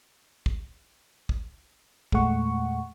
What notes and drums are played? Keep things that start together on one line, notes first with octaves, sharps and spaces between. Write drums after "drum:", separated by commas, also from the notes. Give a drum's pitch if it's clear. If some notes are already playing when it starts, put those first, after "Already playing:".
drum: kick
drum: kick
E2 A#2 G#3 A3 F#5 C#6, drum: kick